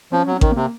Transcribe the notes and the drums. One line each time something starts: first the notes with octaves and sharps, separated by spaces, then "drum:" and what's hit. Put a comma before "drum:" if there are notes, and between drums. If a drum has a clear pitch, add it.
F3 C#4
F#3 C#4
D#3, drum: kick A1
C3 A#3